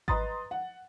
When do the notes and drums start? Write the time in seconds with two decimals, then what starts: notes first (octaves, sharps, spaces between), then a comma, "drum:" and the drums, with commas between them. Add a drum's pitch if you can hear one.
0.08 B4 D#5 A#5 C6 D#6 A6, drum: kick G#1
0.51 F#5